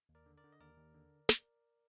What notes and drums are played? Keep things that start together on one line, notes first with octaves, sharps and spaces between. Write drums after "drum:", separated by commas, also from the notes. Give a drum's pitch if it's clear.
D#2
A#4 D5
D3
A#4 D5
D3
D#5
D#2 A#4 D5
D#2
D3
drum: snare